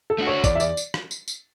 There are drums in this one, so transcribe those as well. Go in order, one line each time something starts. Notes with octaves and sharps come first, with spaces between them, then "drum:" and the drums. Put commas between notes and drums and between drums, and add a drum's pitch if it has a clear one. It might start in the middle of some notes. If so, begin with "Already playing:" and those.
A4
A3 D4 F#4
C#5
E2 D5, drum: kick, tambourine
E5
D5, drum: tambourine
drum: tambourine
drum: rim click
drum: tambourine
drum: tambourine